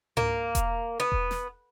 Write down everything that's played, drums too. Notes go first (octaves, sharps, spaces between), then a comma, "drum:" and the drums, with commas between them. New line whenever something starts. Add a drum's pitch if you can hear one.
A#3, drum: tom G#2
drum: kick E1, hi-hat
B3
drum: kick E1
drum: snare